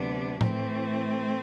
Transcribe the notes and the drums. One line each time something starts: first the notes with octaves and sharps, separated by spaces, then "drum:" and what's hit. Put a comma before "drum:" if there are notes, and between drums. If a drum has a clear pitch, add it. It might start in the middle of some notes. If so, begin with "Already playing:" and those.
Already playing: D2 C3 F#3 B3 D4
A2 E3 A3 C4, drum: tom A2